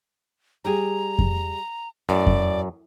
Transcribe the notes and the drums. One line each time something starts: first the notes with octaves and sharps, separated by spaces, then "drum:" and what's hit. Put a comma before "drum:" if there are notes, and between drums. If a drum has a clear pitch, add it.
G3 G4 G#4 A#5
drum: kick F2
F#2 A2 D5
drum: kick F2